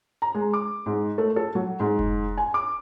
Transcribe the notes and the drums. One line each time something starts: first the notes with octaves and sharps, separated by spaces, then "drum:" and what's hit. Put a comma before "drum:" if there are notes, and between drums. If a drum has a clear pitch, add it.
A#5
G#3
D6
G#2
A3
A4
F#3
G#2
drum: kick F1
G#5
D6